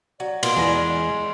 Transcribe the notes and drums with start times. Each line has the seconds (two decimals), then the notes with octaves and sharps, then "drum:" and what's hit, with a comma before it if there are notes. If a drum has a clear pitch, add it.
0.20 F#3 D5
0.43 B2 A#3 F4 C6 D7, drum: cymbal
0.56 E2 G#3 B3 A#5